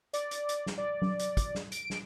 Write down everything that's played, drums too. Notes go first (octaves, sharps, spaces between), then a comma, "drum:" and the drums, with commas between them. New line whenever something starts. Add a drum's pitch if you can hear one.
D5, drum: hi-hat
drum: hi-hat
drum: hi-hat
drum: snare
D5
drum: tom F#3
drum: hi-hat
drum: kick, hi-hat
drum: snare
D7, drum: hi-hat
drum: snare